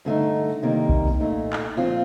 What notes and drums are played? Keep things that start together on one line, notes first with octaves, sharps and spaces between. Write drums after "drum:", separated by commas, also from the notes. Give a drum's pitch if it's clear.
G2 D3 A3 D#4
C3 D#3 G3 A#3 D#4
drum: kick B1
A#2 A3 D#4
drum: clap
A#2 F3 C4 F4